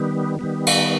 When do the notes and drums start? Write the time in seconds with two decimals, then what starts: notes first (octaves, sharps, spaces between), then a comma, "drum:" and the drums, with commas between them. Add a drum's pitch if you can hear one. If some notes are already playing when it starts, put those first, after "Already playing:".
Already playing: D#3 G3 B3
0.39 D#3 G3 B3
0.67 drum: cymbal